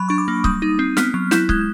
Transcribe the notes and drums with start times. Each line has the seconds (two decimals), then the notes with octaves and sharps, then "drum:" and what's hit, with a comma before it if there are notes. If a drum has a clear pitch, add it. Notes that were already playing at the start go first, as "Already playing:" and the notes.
Already playing: F#3 B5
0.09 D4 C#6
0.18 D6
0.28 A#3
0.44 G3 D#6, drum: kick C#1
0.62 D#4
0.79 C4
0.97 B3 F6, drum: snare
1.14 F#3 F#6
1.31 E4 G6, drum: snare
1.49 G#3 F#6, drum: kick C#1